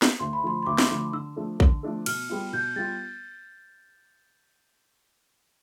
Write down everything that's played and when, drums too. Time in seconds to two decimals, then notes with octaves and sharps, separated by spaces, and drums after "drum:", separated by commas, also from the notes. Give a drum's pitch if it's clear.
0.02 drum: snare
0.20 D2 C6
0.33 B5
0.43 D3 F3 A3 C6
0.62 C6
0.67 D2 D6
0.78 drum: snare
0.90 D3 F3 A3
1.13 D3 E6
1.36 F3 A3 D4 A4
1.60 D3, drum: kick
1.83 F3 A3 D4 A4
2.06 B2 F6, drum: cymbal
2.29 G3 B3 F4
2.53 B2 G6
2.76 G3 B3 F4 A6